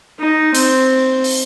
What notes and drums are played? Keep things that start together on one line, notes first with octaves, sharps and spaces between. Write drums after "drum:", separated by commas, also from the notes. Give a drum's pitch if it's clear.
D#4
C4, drum: hi-hat
drum: open hi-hat